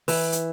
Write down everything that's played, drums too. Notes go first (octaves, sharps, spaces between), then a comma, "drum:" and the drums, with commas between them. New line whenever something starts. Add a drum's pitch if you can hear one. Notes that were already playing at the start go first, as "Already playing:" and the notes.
E3, drum: open hi-hat
drum: hi-hat